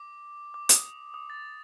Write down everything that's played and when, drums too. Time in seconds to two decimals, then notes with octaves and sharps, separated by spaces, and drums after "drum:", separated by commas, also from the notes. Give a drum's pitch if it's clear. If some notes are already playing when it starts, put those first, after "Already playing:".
Already playing: D6
0.54 D6
0.69 D#6, drum: hi-hat
1.14 D#6
1.30 A6